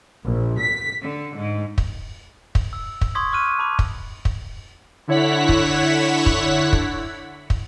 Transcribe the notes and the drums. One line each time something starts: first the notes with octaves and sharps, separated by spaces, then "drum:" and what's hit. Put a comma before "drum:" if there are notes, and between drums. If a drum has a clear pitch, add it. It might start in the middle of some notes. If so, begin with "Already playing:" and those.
A#1
B6
D3
G#2
drum: kick
drum: kick
E6
drum: kick
C6 C#6 D#6 G#6 B6
C#6 D6 F6 F#6 D#7
A5 B5 D6
drum: kick
drum: kick
D3 E4 C#5 F#5 B6
drum: kick
drum: kick
drum: kick
drum: kick